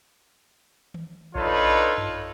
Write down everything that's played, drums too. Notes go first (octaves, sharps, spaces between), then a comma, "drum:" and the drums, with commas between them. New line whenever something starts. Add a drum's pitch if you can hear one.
drum: tom D#3
D4 D#4 F4 A4 B4 C#5, drum: kick A#1
drum: tom F#2